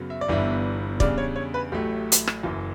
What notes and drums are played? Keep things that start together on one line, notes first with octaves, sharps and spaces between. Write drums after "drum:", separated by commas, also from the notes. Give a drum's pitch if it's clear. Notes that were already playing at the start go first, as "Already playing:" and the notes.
Already playing: F#2 C#3 F#3 B3
E5
D5
G1 G2 E3 B3 D4 E5
E2 C#3 G3 D4 D5, drum: kick
C#5
C#5
B4
A1 A2 F#3 A3 G4
drum: hi-hat
drum: rim click
F#1 F#2 E3